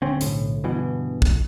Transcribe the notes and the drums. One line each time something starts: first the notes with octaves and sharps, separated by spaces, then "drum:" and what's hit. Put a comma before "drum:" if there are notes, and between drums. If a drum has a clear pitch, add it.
D#1 D3 C4 C#4
B1 A2, drum: hi-hat
G2 B2 E3
drum: kick